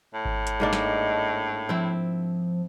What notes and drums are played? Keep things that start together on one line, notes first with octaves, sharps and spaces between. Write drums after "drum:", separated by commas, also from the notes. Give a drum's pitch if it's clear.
A2
drum: kick G#1
drum: hi-hat
G#2 A#3 D4 D#5
drum: snare
F3 C4 E4